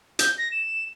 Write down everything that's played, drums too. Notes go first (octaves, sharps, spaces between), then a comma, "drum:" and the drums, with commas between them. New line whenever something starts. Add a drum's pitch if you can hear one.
G6, drum: hi-hat
A#6
E7